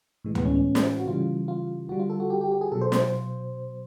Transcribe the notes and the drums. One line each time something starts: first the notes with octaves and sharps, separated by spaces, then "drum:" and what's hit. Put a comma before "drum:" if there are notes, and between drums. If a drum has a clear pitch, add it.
A2 E3 G#3
B3, drum: tom D2
C#4
C#4
drum: snare
F#4
C#3 E3 G3 F4
F4
D3 G3 F#4
F4
A4
F#4
G4
G4
G4
G#4
B2 F#3 A4
C5
C5, drum: snare
C5